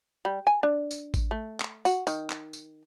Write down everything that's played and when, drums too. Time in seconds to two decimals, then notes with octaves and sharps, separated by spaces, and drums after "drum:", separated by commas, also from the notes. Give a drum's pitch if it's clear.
0.25 G3
0.47 G#5
0.63 D4
0.91 drum: tambourine
1.14 drum: kick A1, tambourine
1.31 A3
1.60 drum: clap
1.85 F#4, drum: tambourine
2.07 D#3, drum: tambourine
2.30 drum: clap
2.53 drum: tambourine